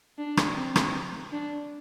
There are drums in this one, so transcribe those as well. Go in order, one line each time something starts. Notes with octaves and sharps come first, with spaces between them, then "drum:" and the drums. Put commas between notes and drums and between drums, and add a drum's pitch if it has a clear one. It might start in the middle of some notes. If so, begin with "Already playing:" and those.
D4
drum: rim click
C4
drum: rim click
D4